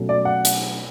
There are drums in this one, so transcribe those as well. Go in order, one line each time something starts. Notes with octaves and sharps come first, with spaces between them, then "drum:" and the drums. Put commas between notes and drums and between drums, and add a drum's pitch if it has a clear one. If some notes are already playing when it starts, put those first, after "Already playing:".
Already playing: B2 F#3 A3 C#4
D5
F#5
drum: hi-hat